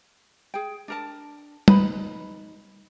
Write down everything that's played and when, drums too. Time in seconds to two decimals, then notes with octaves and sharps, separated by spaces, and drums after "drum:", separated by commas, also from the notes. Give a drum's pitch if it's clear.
0.54 G#4 G5
0.88 D4 A#4 A5
1.68 D#4 B4 B5, drum: tom G3